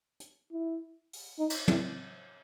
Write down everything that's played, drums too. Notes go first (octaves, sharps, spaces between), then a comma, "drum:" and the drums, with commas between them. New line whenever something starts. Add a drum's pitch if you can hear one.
drum: hi-hat
E4
drum: open hi-hat
D#4
drum: cymbal
E4, drum: tom